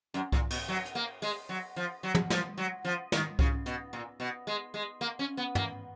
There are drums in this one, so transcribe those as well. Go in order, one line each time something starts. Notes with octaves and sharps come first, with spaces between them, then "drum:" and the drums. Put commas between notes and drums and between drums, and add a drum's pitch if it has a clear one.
F#2, drum: hi-hat
A#2, drum: kick C2
B2, drum: cymbal
F#3
drum: hi-hat
A#3
G#3, drum: open hi-hat
F#3
F3
F#3
drum: tom
F3, drum: snare
F#3
F3
D#3, drum: snare
C#3, drum: kick C2
B2, drum: hi-hat
A#2
B2
G#3
G#3
A#3
C#4
B3
A#3, drum: tom